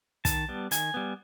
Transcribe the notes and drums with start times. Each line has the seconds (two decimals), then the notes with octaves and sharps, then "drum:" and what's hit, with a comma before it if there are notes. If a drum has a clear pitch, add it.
0.25 D#3 A5, drum: kick, hi-hat
0.49 G3 B3
0.71 D#3 G#5, drum: hi-hat
0.94 G3 B3